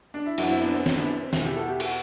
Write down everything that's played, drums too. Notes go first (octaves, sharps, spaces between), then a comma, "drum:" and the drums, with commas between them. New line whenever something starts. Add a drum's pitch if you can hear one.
D4
E4
F#2 E3 D4 F#4, drum: cymbal
C4 E4
B3 D4
C4
C4, drum: snare
B3 D4
C4
E2 B2 C4 E4, drum: snare
E4 G4
F#4 A4
E4 G4
F#4 A4, drum: cymbal